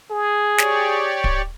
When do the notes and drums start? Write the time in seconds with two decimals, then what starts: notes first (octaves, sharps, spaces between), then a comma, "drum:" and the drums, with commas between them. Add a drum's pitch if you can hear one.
0.11 G#4
0.58 G4 C#5 D5, drum: snare
1.24 drum: kick D1